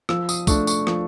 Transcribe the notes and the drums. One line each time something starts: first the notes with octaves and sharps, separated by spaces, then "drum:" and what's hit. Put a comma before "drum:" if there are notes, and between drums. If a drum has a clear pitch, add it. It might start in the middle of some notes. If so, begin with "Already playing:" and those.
F3 E6, drum: rim click
D#6, drum: tambourine
A3 D4 C#6, drum: kick C2, tambourine
C#6, drum: tambourine
F3, drum: rim click